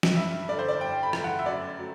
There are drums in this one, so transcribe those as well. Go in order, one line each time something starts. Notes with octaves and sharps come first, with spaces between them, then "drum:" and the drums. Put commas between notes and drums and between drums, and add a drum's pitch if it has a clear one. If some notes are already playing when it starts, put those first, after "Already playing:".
drum: snare
G2 E5
D3 A3 D5
C5
D5
G2 G5
B5
D3 A3, drum: rim click
F#5
E5
F#2 D5
F#3 A3